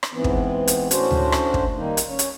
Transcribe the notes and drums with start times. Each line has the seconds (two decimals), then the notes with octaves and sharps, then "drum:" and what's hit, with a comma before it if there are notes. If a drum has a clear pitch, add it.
0.03 drum: rim click
0.13 G#2 E3 B3 C4
0.24 drum: kick
0.68 drum: hi-hat
0.91 A2 C#4 D4 F#4 C5, drum: hi-hat
1.11 drum: tom D2
1.32 drum: rim click
1.54 drum: kick
1.76 D#3 G3 A#3 D#4
1.97 drum: hi-hat
2.10 C#4 C#5
2.19 drum: hi-hat